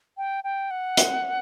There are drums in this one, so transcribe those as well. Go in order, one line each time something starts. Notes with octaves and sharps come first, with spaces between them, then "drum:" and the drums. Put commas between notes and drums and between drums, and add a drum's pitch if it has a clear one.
G5
G5
F#5
drum: hi-hat